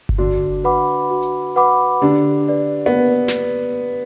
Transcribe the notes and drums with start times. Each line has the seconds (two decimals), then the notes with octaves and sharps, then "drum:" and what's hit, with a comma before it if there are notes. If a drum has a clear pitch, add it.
0.09 drum: kick G1
0.18 D3 D4 F#4
0.64 B4 F#5 B5 D6
1.10 F#4
1.22 drum: hi-hat
1.56 B4 F#5 B5 D6
2.02 D3 D4 G4
2.49 B4 D5
2.86 B3
3.28 drum: snare